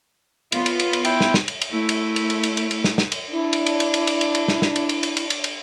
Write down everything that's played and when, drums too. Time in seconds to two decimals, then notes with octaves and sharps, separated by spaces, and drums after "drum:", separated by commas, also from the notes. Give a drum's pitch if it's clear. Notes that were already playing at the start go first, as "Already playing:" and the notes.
0.52 B3 F4, drum: cymbal
0.66 drum: cymbal
0.80 drum: cymbal
0.93 drum: cymbal
1.05 E4 G5, drum: cymbal
1.21 drum: snare
1.34 drum: snare
1.48 drum: cymbal
1.61 drum: cymbal
1.71 A3 E4
1.89 drum: cymbal
2.16 drum: cymbal
2.30 drum: cymbal
2.43 drum: cymbal
2.57 drum: cymbal
2.71 drum: cymbal
2.84 drum: snare
2.98 drum: snare
3.12 drum: cymbal
3.32 D4 E4
3.53 drum: cymbal
3.66 drum: cymbal
3.80 drum: cymbal
3.94 drum: cymbal
4.07 drum: cymbal
4.21 drum: cymbal
4.35 drum: cymbal
4.48 drum: snare
4.62 drum: snare
4.76 drum: cymbal
4.89 drum: cymbal
5.03 drum: cymbal
5.17 drum: cymbal
5.30 drum: cymbal
5.44 drum: cymbal